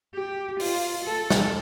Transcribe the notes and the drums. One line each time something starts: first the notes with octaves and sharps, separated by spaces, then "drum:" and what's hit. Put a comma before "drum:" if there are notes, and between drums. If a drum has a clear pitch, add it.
G4
F4, drum: open hi-hat
A4
drum: snare